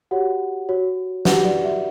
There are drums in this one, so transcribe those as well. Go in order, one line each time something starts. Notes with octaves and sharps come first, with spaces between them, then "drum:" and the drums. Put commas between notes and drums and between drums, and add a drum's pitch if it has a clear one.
F#4 G4 C#5 F#5
F#4 C#5
E4 F#4 G4 B4 F#5, drum: snare
D5
E5